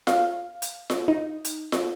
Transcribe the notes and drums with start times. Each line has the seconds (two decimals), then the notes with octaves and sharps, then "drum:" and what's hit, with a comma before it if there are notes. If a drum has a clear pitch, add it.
0.07 F5, drum: snare F4
0.62 drum: hi-hat
0.90 drum: snare F4
1.08 D#4
1.45 drum: hi-hat
1.72 drum: snare F4